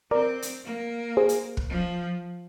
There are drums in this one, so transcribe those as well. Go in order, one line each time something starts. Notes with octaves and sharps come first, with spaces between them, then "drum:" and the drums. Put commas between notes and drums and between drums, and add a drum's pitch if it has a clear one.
C4 A#4 D5
drum: hi-hat
A#3
G#4 C5
drum: hi-hat
drum: kick
F3